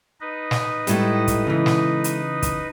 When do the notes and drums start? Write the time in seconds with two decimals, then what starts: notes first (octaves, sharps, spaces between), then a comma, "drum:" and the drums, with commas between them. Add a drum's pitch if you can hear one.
0.21 D#4 B4 D#5
0.51 drum: snare
0.87 A2 G3 G#3 E4 A4, drum: hi-hat
1.28 drum: kick, hi-hat
1.47 C#3 E3
1.66 drum: snare
2.04 drum: hi-hat
2.42 drum: kick, hi-hat